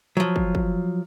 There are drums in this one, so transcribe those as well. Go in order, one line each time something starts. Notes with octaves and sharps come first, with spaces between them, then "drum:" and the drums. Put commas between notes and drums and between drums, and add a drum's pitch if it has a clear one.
F3 F#3
drum: kick
drum: kick